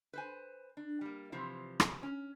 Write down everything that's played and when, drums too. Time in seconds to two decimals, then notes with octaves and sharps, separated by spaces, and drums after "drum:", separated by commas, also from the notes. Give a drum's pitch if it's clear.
0.13 B4 C5 G#5
0.77 D4
1.01 G3 A#3
1.32 C3 E3 F3
1.80 drum: rim click
2.03 C#4